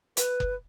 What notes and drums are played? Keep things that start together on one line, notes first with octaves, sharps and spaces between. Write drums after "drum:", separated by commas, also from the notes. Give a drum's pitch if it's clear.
B4, drum: hi-hat
drum: kick F#1